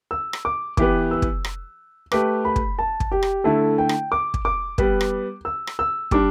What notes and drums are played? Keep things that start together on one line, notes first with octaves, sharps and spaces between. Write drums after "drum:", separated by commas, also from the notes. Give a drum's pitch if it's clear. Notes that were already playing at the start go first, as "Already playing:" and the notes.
E6
drum: rim click
D6
E3 B3 G4 B4 D6, drum: kick
E6
drum: kick
drum: rim click
A3 G4 B4 D6, drum: rim click
B5
drum: kick
A5
drum: kick
G4
drum: rim click
D3 A3 E4 A4
G5
drum: rim click
D6
drum: kick
D6
G3 B3 G4 B4, drum: kick
drum: rim click
E6
drum: rim click
E6
G3 D4 D6, drum: kick